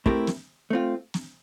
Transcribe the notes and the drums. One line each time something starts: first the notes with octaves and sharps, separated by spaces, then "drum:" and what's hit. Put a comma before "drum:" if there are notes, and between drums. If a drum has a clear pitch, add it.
A3 C4 E4 G4 A#4, drum: kick
drum: snare
A3 C4 F4
drum: snare